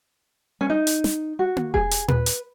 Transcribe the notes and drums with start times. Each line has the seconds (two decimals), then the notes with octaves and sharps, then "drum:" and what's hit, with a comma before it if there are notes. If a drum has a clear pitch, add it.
0.61 C#4
0.70 D#4
0.87 drum: hi-hat
1.04 drum: snare
1.39 F#4
1.56 drum: tom A#3
1.74 G#4, drum: kick E1
1.91 drum: hi-hat
2.08 B4, drum: tom A#2
2.26 drum: hi-hat